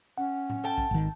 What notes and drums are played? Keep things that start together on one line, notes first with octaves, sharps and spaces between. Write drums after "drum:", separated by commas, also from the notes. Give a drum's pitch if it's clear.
C#4 F#5
drum: tom A2
A4 G5 A5
drum: kick A#1
G#1 D#3